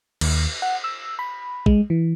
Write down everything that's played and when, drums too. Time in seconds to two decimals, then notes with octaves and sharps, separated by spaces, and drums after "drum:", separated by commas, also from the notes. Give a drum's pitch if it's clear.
0.21 D#2, drum: cymbal
0.62 F#5
0.84 E6
1.19 B5
1.66 G#3, drum: kick
1.90 E3